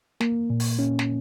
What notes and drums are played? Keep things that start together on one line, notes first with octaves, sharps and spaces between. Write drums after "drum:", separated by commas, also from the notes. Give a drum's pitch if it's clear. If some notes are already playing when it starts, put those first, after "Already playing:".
A#3, drum: snare
A#2
drum: open hi-hat
C#4
drum: snare